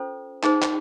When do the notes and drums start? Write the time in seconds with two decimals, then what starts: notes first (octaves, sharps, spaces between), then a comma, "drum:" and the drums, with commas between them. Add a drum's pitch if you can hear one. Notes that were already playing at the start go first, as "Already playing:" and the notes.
Already playing: C#4 F4 A4 C5
0.43 D#4 G#4 C5, drum: clap
0.62 drum: clap